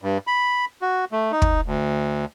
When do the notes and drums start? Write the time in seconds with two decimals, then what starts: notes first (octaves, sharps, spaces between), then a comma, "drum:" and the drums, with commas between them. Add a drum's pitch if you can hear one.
0.02 G2
0.27 B5
0.82 F#4
1.12 A3
1.32 D#4
1.42 drum: kick
1.66 D2